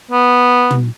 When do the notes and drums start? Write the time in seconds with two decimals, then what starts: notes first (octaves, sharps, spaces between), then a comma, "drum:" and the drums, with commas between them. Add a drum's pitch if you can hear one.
0.11 B3
0.71 drum: tom